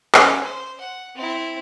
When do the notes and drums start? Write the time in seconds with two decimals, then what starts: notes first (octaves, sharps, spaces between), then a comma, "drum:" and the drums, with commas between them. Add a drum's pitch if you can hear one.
0.14 C#4, drum: clap
0.43 C5
0.80 F#5
1.15 C4 E4